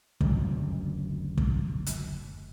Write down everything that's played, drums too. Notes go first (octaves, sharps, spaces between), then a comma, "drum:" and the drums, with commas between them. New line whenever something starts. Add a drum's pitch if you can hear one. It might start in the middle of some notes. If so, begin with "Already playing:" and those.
F#1 D2, drum: kick
drum: kick
drum: hi-hat